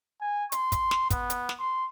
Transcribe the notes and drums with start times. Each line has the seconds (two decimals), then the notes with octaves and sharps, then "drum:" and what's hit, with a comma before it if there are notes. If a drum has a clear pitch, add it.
0.21 G#5
0.52 C6, drum: hi-hat
0.72 drum: kick, hi-hat
0.91 drum: snare
1.10 B3, drum: kick, hi-hat
1.30 drum: hi-hat
1.49 drum: snare
1.59 C6